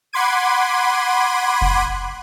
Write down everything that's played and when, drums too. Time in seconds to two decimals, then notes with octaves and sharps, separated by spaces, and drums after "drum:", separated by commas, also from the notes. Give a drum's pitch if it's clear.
0.13 F#5 B5 C6 D6 G#6 D#7
1.62 drum: kick F1